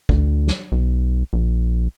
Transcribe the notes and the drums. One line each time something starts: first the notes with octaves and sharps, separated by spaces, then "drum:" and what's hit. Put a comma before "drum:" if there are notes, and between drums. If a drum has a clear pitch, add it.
D2, drum: kick G#1
drum: snare
B1
A#1